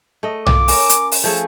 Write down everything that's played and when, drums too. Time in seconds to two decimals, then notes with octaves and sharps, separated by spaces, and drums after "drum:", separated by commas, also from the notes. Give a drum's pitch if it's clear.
0.23 A3 D#5
0.46 F4 D6, drum: tom B1
0.68 C#4 A#4, drum: open hi-hat
0.89 drum: hi-hat
1.12 drum: open hi-hat
1.24 F3 A3 G#4